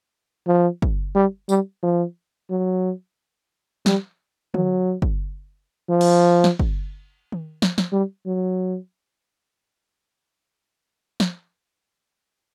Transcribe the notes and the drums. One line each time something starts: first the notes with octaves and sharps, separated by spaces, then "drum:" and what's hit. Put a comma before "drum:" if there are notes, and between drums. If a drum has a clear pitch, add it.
F3
drum: kick
G3
G3, drum: tambourine
F3
F#3
G3, drum: snare
F#3, drum: tom D3
drum: kick
F3
drum: cymbal
drum: snare
drum: kick
drum: tom D#3
drum: snare
drum: snare
G3
F#3
drum: snare